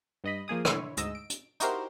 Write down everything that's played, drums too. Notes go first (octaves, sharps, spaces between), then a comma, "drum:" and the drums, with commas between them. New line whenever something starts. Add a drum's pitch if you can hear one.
G2 D#5 B5
F3 A#3 G#4 D#6
D3 E4 C#5, drum: rim click
D2 G#2 D#5 E6, drum: hi-hat
D7
drum: hi-hat
D#4 E4 F#4 G4 A#4 C5, drum: hi-hat